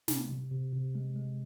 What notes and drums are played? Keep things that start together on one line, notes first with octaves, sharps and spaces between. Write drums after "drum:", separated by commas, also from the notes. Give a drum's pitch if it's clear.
C3, drum: snare
C3
C3
C3
G#3
G#3